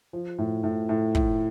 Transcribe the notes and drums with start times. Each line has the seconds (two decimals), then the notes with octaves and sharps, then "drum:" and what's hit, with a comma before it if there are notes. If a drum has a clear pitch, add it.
0.13 F3
0.38 A2
0.63 A2
0.89 A2
1.15 A2, drum: kick